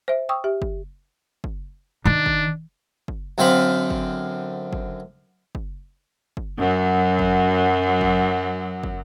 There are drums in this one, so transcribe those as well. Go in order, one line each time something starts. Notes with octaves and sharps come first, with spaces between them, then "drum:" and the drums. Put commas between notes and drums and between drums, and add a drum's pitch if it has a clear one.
C5 E5
G5 C#6 D#6 E6
G4 E5
drum: kick
drum: kick
D#3 D4
drum: kick
drum: kick
F#2 D3 C4 C5 F5 B5
drum: kick
drum: kick
drum: kick
drum: kick
F#2 F#3
drum: kick
drum: kick
drum: kick